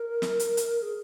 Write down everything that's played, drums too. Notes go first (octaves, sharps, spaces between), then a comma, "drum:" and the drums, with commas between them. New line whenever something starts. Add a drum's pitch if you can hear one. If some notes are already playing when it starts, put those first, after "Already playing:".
Already playing: A#4
drum: snare
drum: hi-hat
drum: hi-hat
G#4